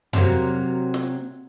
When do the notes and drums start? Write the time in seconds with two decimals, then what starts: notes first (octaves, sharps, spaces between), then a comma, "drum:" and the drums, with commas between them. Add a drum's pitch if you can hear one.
0.13 C3 F#3 A#3, drum: tom F2
0.94 drum: snare